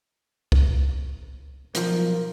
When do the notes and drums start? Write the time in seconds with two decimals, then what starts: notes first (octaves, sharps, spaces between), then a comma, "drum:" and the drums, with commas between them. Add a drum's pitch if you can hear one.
0.52 drum: kick C2
1.75 B1 F3 A#4, drum: hi-hat